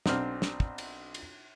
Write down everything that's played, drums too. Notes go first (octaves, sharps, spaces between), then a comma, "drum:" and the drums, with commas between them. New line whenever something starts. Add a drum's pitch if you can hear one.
B1 C4 D4 F6, drum: snare
drum: snare
drum: kick
drum: cymbal
drum: cymbal